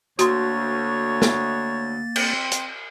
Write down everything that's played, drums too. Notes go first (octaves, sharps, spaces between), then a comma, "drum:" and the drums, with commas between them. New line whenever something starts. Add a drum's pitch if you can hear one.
D2 A#3 F#4 C#5 C6 A6, drum: hi-hat
drum: snare
C4, drum: cymbal
drum: hi-hat